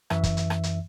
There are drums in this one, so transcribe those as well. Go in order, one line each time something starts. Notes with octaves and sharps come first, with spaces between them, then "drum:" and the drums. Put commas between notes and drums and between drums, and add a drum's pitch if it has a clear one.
F#2 E3 E5, drum: rim click
drum: kick G1, hi-hat
drum: hi-hat
drum: rim click
drum: hi-hat